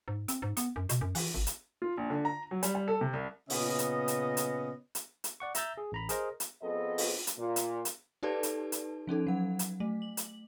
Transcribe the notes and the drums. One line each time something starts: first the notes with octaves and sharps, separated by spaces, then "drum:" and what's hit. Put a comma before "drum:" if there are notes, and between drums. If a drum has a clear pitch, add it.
G#2
C4, drum: hi-hat
G#2
B3, drum: hi-hat
F#2
B2, drum: hi-hat
F#2
E3, drum: open hi-hat
G#1
drum: hi-hat
F4
A#1
D3
A#5
F#3
G3, drum: hi-hat
G3
A4
C3
C2
A#2 C#3 B3 C#4 D#5, drum: open hi-hat
drum: hi-hat
drum: hi-hat
drum: hi-hat
drum: hi-hat
drum: hi-hat
D5 F#5 C#6
E5 A#5 E6 G6 A6, drum: hi-hat
G#4
A1 A#5 B5
G#4 A#4 C5 D#5, drum: hi-hat
drum: hi-hat
F2 B3 C4 G#4 A4 D#5
drum: open hi-hat
drum: hi-hat
A#2
drum: hi-hat
drum: hi-hat
D#4 G4 A4 B4 D5 A5
drum: hi-hat
drum: hi-hat
F3 C#4 D#4 A4
F#3 F#5
drum: hi-hat
A3
F#7
drum: hi-hat